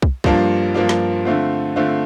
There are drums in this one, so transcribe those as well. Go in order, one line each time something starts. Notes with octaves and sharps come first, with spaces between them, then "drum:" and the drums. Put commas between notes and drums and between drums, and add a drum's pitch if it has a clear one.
drum: kick
G2 F3 A#3 D4 F4, drum: kick
G2 F3 A#3 D4 F4
drum: snare
D3 A3 C4 F4
D3 A3 C4 F4